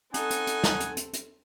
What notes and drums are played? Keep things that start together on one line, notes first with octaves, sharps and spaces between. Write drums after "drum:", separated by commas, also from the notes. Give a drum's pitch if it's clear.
C4 D#4 A4 F#5 G#5, drum: hi-hat
drum: hi-hat
drum: hi-hat
drum: snare
drum: hi-hat
drum: hi-hat
drum: hi-hat